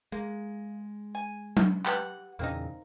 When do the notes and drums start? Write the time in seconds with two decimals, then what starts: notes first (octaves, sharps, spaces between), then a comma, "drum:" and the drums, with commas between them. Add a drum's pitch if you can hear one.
0.12 G#3 A#3
1.15 G#5
1.57 drum: tom F#3
1.86 G4 B4 F#5, drum: clap
2.39 E2 A#2 C#3 A#3 C4 D#4